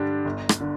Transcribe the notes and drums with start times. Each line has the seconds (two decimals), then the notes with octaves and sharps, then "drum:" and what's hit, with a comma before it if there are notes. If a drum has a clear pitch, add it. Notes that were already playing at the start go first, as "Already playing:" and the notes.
Already playing: G2 D3 G3 D4
0.25 G1
0.49 drum: rim click
0.61 D3